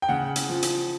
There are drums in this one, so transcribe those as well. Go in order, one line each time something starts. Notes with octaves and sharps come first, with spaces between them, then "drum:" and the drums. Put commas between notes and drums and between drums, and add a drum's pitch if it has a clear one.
G5
C#3 F#5
drum: hi-hat
F3
drum: hi-hat